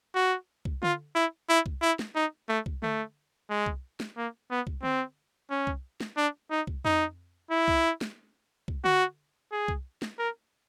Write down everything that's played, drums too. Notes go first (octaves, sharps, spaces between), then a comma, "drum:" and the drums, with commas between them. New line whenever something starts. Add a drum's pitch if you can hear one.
F#4
drum: kick C2
F4, drum: tom D3
E4
E4
drum: kick C2
E4
drum: snare
D#4
A3
drum: kick C2
A3, drum: tom D3
G#3
drum: kick C2
drum: snare
A#3
B3
drum: kick C2
C4, drum: tom D3
C#4
drum: kick C2
drum: snare
D4
D#4
drum: kick C2
D#4, drum: tom F2
E4
drum: kick C2
drum: snare
drum: kick C2
F#4, drum: tom D3
G#4
drum: kick C2
drum: snare
A#4